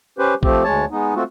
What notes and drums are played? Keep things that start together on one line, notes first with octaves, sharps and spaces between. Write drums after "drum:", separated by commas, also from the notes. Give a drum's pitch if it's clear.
C#4 G4 B4 C5
F3 A3 C4 G4, drum: kick A#1
D2 G#3 C#5 A5
G#3 B3 D#4
A3 C4 F4 F#4